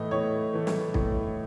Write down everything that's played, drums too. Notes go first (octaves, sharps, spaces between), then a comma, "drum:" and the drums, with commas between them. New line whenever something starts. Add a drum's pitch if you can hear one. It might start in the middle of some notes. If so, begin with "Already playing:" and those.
Already playing: A2 E3 A3 D#5
A2 C#5
E3 A3
drum: snare
A2, drum: kick